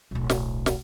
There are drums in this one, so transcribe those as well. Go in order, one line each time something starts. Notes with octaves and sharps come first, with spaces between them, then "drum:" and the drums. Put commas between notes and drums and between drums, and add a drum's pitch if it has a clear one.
D1 B1
drum: snare
drum: snare